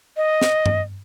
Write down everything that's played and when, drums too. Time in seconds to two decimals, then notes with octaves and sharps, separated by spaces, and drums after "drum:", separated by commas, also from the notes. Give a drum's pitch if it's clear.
0.17 D#5
0.42 drum: snare
0.66 drum: tom G2